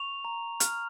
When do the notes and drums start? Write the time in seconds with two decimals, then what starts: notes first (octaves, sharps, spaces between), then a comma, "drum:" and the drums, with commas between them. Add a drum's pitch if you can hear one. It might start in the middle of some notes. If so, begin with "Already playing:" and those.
Already playing: C#6 F7
0.25 A#5
0.60 F6, drum: hi-hat